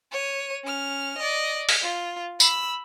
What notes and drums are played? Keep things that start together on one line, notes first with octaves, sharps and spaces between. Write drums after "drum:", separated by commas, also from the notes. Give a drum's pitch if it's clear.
C#5 D#7
C#4 F6
D5 D#5
drum: open hi-hat
F4
B5 E6, drum: tambourine